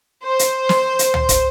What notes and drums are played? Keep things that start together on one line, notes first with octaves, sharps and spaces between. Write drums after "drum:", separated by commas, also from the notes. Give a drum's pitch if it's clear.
C5
drum: hi-hat
drum: snare
drum: hi-hat
drum: tom C#2
drum: kick, hi-hat